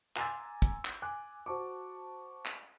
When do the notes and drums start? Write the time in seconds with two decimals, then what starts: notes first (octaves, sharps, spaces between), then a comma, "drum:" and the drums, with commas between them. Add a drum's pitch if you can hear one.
0.16 G#5 A#5 C6 D6 E6 A6, drum: clap
0.62 drum: kick, hi-hat
0.85 drum: clap
1.02 G#5 D6 F#6
1.46 F#4 C5 A5 C#6 D6
2.45 drum: clap